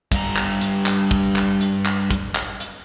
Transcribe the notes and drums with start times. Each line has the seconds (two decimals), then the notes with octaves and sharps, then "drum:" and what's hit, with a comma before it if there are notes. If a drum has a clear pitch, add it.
0.12 G2 A#5, drum: kick, hi-hat
0.36 drum: clap
0.61 drum: hi-hat
0.86 drum: clap
1.11 drum: kick
1.36 drum: clap
1.61 drum: hi-hat
1.86 drum: clap
2.11 drum: kick, hi-hat
2.35 drum: clap
2.60 drum: hi-hat